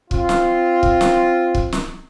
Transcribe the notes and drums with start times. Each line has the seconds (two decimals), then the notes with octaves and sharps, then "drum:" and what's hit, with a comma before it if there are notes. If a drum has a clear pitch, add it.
0.11 C4 F4, drum: kick
0.29 drum: snare
0.83 drum: kick
1.01 drum: snare
1.55 drum: kick
1.72 drum: snare